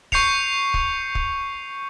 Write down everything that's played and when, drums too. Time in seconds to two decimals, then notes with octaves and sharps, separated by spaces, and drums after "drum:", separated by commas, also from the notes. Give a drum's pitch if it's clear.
0.12 C#6 G6 C7 C#7 F7, drum: kick
0.74 drum: kick
1.15 drum: kick